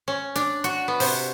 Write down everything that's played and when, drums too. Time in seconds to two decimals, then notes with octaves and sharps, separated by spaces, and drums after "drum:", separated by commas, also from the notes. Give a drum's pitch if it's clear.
0.08 C#4
0.36 D4, drum: hi-hat
0.64 F#4, drum: hi-hat
0.88 B3
1.00 C3, drum: open hi-hat